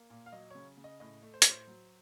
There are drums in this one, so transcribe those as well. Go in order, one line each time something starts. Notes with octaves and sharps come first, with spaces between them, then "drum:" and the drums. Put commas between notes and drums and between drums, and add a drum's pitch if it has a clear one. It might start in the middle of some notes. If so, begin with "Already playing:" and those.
Already playing: A#3
A#2
F5
F#3 D#5
C#3 C#5
C#3
D#5
A2 D#5
A3
C5
C#5, drum: hi-hat
A2 C5
F#3